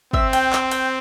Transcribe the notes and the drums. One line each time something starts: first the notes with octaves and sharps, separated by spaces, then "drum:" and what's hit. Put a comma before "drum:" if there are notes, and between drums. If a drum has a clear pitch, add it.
C4 E5, drum: kick
G5, drum: cymbal
G5, drum: clap
G5, drum: cymbal